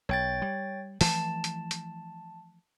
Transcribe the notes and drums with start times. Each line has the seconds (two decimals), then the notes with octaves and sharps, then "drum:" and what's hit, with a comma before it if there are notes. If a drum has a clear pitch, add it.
0.09 B1 C#5 G5 A6
0.42 G3
1.01 E3 F3 A3 A5, drum: open hi-hat
1.44 drum: hi-hat
1.71 drum: hi-hat